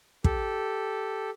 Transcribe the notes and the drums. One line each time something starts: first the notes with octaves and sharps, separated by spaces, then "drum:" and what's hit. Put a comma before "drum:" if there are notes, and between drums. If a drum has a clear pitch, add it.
G4 A4, drum: kick